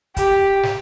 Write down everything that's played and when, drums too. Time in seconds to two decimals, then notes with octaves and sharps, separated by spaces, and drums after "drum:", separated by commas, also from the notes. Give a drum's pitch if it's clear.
0.17 G4, drum: kick, hi-hat
0.63 drum: snare